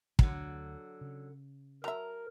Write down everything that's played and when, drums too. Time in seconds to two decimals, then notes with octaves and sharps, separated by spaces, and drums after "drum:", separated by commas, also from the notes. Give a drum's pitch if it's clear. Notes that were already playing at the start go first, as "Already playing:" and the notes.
0.19 D2 D3 F#3, drum: kick
1.01 C#3
1.84 F#3 A#4 E5 A#5